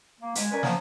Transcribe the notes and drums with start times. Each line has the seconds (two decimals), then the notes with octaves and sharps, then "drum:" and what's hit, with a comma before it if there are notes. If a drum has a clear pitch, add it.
0.20 A#3
0.35 G#3, drum: hi-hat
0.51 C#4 A#4 B4 D5 G#5
0.63 F3 F#3 A#3 B3, drum: snare